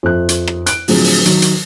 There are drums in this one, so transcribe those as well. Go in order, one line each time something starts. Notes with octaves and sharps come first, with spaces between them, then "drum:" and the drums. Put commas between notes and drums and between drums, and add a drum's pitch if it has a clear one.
F2 E5 F#6
drum: hi-hat
drum: rim click
F#6 D7, drum: hi-hat
A2 D3 F3 F#3 C4 G#4, drum: open hi-hat
drum: open hi-hat
D#3 F#3, drum: hi-hat
drum: hi-hat